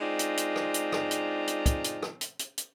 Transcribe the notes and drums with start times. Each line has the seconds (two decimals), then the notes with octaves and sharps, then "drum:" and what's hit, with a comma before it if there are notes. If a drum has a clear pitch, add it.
0.01 G#3 C4 D4 D#4 F4
0.19 drum: hi-hat
0.37 drum: hi-hat
0.56 drum: rim click
0.74 drum: hi-hat
0.92 drum: rim click
1.11 drum: hi-hat
1.47 drum: hi-hat
1.66 drum: kick, hi-hat
1.84 drum: hi-hat
2.03 drum: rim click
2.21 drum: hi-hat
2.39 drum: hi-hat
2.58 drum: hi-hat